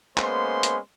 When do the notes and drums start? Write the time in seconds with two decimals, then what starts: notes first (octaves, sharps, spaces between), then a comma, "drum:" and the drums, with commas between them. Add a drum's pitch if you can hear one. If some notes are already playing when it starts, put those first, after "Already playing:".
0.18 G#3 A#3 B3 C#4 C5 C6, drum: clap
0.63 drum: hi-hat